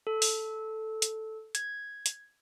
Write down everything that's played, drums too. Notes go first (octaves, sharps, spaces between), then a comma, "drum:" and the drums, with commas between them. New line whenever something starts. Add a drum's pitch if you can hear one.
A4
drum: open hi-hat
drum: hi-hat
G#6, drum: hi-hat
drum: hi-hat